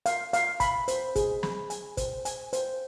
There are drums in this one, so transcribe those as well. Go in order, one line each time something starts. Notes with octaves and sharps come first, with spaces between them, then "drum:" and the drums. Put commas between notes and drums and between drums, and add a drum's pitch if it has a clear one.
F5, drum: hi-hat
F5, drum: hi-hat
B5, drum: kick, hi-hat
C5, drum: hi-hat
G#4, drum: kick, hi-hat
B5, drum: snare
G#5, drum: hi-hat
C5, drum: kick, hi-hat
G#5, drum: hi-hat
C5, drum: hi-hat